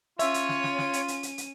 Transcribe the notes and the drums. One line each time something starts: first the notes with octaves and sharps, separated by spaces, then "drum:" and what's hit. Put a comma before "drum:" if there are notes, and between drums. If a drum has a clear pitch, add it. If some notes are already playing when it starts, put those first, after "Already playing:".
C#4 F4 C#5 E5 D#7, drum: hi-hat
drum: hi-hat
drum: snare
drum: snare
drum: snare
drum: hi-hat
drum: hi-hat
drum: hi-hat
drum: hi-hat